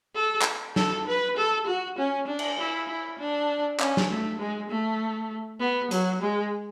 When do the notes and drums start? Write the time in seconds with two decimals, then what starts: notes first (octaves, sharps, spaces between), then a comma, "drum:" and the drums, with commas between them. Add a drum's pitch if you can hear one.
0.15 A4
0.42 drum: clap
0.76 A4, drum: snare
1.07 B4
1.37 A4
1.67 F#4
1.98 C#4
2.27 D4
2.39 drum: cymbal
2.59 E4
2.88 E4
3.19 D4
3.80 C#4, drum: clap
3.97 drum: snare
4.10 A3
4.40 G#3
4.69 A3
5.60 B3
5.91 F#3, drum: hi-hat
6.21 G#3